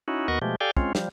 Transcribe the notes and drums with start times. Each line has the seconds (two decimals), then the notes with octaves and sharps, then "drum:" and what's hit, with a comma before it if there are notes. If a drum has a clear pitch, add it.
0.08 C#4 D#4 E4 F#4
0.28 D#2 B3 F#4 A#4 D#5 C#6
0.42 B2 F3 G#3 A3 G4
0.61 G4 A4 D5 F5 G5 G#5
0.77 G#3 C4 C#4 F4, drum: kick
0.95 F3 G3, drum: snare